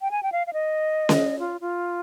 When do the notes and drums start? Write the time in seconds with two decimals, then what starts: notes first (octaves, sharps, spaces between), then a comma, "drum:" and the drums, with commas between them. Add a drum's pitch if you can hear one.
0.01 G5
0.11 G#5
0.23 G5
0.32 F5
0.47 F5
0.53 D#5
1.09 drum: snare C#4
1.39 F4
1.61 F4